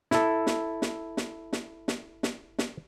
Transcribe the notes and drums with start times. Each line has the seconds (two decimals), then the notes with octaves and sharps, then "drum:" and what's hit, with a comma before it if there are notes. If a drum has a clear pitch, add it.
0.11 E4 A4, drum: snare
0.47 drum: snare
0.82 drum: snare
1.17 drum: snare
1.53 drum: snare
1.88 drum: snare
2.23 drum: snare
2.59 drum: snare